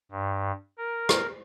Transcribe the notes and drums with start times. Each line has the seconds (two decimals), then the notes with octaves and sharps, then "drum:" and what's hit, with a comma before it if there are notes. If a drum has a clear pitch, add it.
0.11 G2
0.78 A#4
1.09 drum: rim click